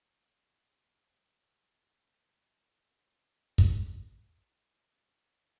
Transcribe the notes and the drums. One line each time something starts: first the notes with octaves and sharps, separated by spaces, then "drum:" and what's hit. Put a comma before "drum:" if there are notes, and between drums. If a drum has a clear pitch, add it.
D#5
D#6
C#5
G#5
A#5
drum: kick
F1 D#2 B2 A#3